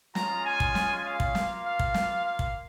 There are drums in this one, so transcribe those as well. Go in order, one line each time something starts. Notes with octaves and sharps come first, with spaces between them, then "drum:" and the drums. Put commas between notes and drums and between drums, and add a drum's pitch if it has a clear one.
G#3 C#4 F4 A#5, drum: snare
G#5
drum: kick
drum: snare
F5
drum: kick
A#3 F4, drum: snare
F5
drum: kick
drum: snare
F5
drum: kick